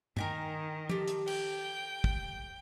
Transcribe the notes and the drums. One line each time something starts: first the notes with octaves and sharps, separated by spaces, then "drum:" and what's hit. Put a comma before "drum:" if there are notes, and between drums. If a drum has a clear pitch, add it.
D#3 A#4 G5 G#5, drum: tom
G4 A4, drum: tom
drum: hi-hat
G5, drum: cymbal
drum: kick